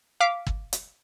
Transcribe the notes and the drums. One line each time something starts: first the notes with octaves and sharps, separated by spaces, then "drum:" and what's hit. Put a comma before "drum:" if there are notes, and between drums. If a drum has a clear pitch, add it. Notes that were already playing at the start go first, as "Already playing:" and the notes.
F5 D6 B6
drum: kick
drum: hi-hat